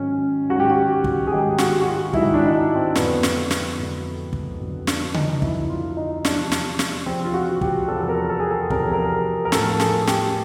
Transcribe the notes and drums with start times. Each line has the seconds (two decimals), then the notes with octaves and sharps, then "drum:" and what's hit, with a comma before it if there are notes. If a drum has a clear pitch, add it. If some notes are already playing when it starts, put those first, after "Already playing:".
Already playing: G#2 D#3 F#3 C#4
0.50 G#2 D#3 F#3 F#4
0.60 G4
0.70 F#4
1.04 drum: kick
1.27 G#4
1.31 G#2 D#3 F#3 G4
1.58 F#4, drum: snare
1.82 F#4
1.86 F4
2.13 G#2 D#3 F#3 E4, drum: kick
2.34 D4
2.46 D#4
2.55 D4
2.75 C4
2.95 F2 D3 F#3 B3, drum: snare
3.23 drum: snare
3.51 drum: snare
3.78 F2 D3 F#3
4.33 drum: kick
4.60 F2 D3 F#3
4.87 D4, drum: snare
5.14 D#4, drum: tom C#3
5.42 F2 D3 F#3 E4, drum: kick
5.70 F4
5.97 D#4
6.25 E2 C3 F3 D4, drum: snare
6.52 drum: snare
6.79 drum: snare
7.06 E2 C3 F3 C4
7.24 F4
7.34 F#4
7.61 G4, drum: kick
7.88 E2 C3 F3 A4
8.04 A4
8.09 A#4
8.29 A4
8.40 G#4
8.51 A4
8.70 E2 C3 F3 A#4, drum: kick
8.93 A#4
9.45 A#4
9.52 A2 F3 A4, drum: snare
9.80 G#4, drum: snare
10.07 G4, drum: snare